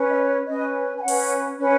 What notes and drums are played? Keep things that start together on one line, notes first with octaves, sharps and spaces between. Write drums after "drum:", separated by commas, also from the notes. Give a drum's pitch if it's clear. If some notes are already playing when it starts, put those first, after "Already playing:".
Already playing: C#4 B4
D#5
C#5
C#4 B4 D#5
G#5
C#4 F#5
B4, drum: open hi-hat
C#4 B4